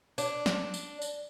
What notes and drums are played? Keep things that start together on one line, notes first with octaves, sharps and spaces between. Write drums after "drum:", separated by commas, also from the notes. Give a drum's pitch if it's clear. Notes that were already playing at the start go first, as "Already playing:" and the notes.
D4, drum: tambourine
drum: snare
drum: tambourine
drum: tambourine